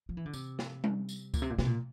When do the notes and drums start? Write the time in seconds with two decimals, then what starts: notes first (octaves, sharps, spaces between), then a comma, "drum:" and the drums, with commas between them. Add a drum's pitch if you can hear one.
0.09 F3
0.17 E3
0.26 D3
0.34 C3, drum: tambourine
0.59 drum: snare
0.84 drum: tom G3
1.09 drum: tambourine
1.34 A#2, drum: kick C#2, tambourine
1.42 C3
1.50 A#2
1.58 C3, drum: snare
1.67 A#2